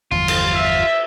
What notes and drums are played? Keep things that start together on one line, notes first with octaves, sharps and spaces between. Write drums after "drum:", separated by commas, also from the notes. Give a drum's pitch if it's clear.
G1 E2 F3 F4
drum: cymbal
E5